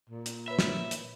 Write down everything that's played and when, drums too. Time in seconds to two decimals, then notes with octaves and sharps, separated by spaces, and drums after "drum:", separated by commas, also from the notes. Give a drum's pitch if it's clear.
0.10 A#2
0.26 drum: hi-hat
0.48 B4 C#5 E5 B5
0.59 drum: snare
0.91 drum: hi-hat